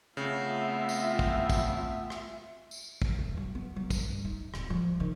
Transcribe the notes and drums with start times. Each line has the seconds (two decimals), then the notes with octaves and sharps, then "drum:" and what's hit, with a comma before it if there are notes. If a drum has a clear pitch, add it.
0.17 C#3 A3 B3 C4 F4 E5
0.89 drum: tambourine
1.19 drum: kick
1.50 drum: kick, tambourine
2.10 drum: rim click
2.71 drum: tambourine
3.02 drum: kick
3.19 E1
3.37 F#3
3.55 B3
3.76 F#3
3.90 G2, drum: kick, tambourine
4.25 D#4
4.54 D1, drum: rim click
4.70 F3
5.00 D#3